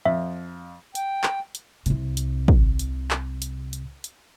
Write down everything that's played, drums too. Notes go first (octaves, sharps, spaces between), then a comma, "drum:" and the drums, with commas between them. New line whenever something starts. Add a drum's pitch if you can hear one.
F2 E5
G5, drum: hi-hat
drum: clap
drum: hi-hat
C2 C3, drum: hi-hat
drum: hi-hat
drum: kick
drum: hi-hat
drum: clap
drum: hi-hat
drum: hi-hat
drum: hi-hat